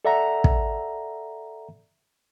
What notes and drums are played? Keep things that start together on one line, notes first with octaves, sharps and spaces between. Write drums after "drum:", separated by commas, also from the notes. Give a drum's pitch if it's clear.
A4 D5 E5 F#5 A#5
drum: kick